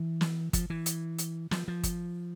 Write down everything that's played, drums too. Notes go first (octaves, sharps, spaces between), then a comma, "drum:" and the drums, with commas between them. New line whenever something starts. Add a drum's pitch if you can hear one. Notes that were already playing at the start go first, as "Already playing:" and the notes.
Already playing: E3
drum: snare
F3, drum: kick G1, hi-hat
E3
drum: hi-hat
drum: hi-hat
F3, drum: snare
F3
drum: kick G1, hi-hat